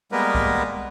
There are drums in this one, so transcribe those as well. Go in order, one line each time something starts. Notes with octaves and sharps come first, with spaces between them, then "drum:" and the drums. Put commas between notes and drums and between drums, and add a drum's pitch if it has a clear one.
G3 G#3 A#3 B3 A#4 B4
drum: kick B1